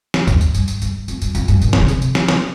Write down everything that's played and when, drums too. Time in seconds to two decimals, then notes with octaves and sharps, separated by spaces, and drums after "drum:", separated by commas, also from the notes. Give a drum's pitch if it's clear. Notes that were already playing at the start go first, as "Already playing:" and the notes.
0.14 drum: snare
0.27 drum: kick, tambourine
0.41 drum: tambourine
0.54 G2, drum: tambourine
0.68 drum: tambourine
0.82 G2, drum: tambourine
1.08 F2, drum: tambourine
1.22 G2, drum: tambourine
1.35 F2, drum: tambourine
1.48 G2, drum: tambourine
1.61 A#2, drum: tambourine
1.73 D#3, drum: snare
1.80 C#3
1.88 C3, drum: tambourine
2.02 drum: tambourine
2.15 drum: snare
2.28 drum: snare